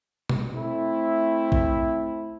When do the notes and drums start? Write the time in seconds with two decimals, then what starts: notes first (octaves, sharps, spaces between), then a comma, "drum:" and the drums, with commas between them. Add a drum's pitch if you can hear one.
0.29 drum: tom
0.52 A3 C4 E4
1.52 drum: kick A1